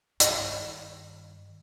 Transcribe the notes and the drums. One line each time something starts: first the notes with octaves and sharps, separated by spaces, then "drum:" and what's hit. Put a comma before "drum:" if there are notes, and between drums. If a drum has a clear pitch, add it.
G2 D#3, drum: hi-hat